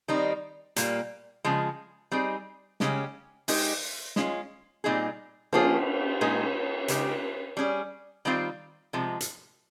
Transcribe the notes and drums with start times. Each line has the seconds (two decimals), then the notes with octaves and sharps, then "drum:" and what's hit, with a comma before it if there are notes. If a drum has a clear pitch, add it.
0.08 D#3 G3 C4 D#4
0.76 A#2 G3 A#3, drum: hi-hat
1.44 C#3 F3 G#3
2.11 G3 C4 D#4 G#4
2.80 C#3 G#3 C#4 G4, drum: snare
3.48 G#3 D#4 G4, drum: open hi-hat
4.16 G#3 C#4 F4, drum: snare
4.84 A#2 G3 C4 D#4 G#4
5.53 F3 A#3 F4 G#4, drum: cymbal
6.21 A#2 G#3 D#4 G#4
6.88 C#3 G#3 D#4 G4, drum: hi-hat
7.57 G3 C#4 G#4
8.25 D#3 G3 C4 F4
8.93 C3 F3 G#3
9.20 drum: hi-hat